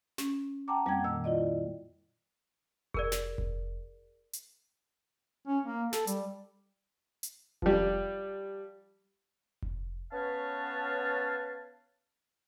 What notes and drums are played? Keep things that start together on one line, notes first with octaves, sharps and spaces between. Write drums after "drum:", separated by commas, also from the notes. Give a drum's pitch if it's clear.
C#4, drum: snare
F#5 G5 A5 A#5 D6
F2 G3 A#3 F#5 G5 G#6, drum: tom C4
A#2 D#3 E6
E4 F4 D5 D#5
G#4 A#4 D5, drum: kick F1
drum: snare
drum: kick F1
drum: hi-hat
C#4
A#3
A4, drum: snare
G3, drum: hi-hat
drum: hi-hat
F3 G3, drum: kick F1
drum: kick F1
B3 C#4 B4 C#5 F5 A5